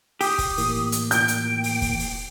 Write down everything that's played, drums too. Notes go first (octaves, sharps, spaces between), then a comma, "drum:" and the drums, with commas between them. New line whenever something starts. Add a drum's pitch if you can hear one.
G4 D#6, drum: open hi-hat
drum: kick, open hi-hat
A2 E3 A#3, drum: open hi-hat
drum: hi-hat
G5 G6, drum: hi-hat
drum: hi-hat
drum: open hi-hat
drum: kick, open hi-hat
drum: open hi-hat